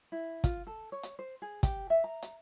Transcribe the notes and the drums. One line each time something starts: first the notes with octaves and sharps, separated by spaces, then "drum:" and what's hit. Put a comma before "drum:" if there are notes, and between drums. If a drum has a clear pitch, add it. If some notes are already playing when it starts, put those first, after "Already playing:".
E4
F4, drum: kick, hi-hat
A4
C#5
drum: hi-hat
C5
G#4
G4, drum: kick, hi-hat
E5
A#5
drum: hi-hat